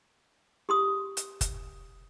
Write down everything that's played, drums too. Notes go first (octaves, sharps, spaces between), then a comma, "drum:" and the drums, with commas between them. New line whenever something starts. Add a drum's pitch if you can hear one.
G4 C6 D#6
drum: hi-hat
drum: kick F#1, hi-hat